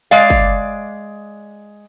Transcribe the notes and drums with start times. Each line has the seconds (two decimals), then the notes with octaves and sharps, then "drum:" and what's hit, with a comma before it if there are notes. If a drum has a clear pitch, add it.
0.11 G#3 D5 F5
0.30 drum: kick G1